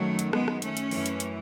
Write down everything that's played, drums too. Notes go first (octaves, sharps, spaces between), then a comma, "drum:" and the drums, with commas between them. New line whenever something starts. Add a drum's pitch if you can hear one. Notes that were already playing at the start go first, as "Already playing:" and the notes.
Already playing: F#2 D#3 F#3 A3
drum: hi-hat
G#3 B3, drum: rim click
drum: rim click
A3 C#4, drum: hi-hat
drum: hi-hat
F#2 E3, drum: open hi-hat
drum: hi-hat
drum: hi-hat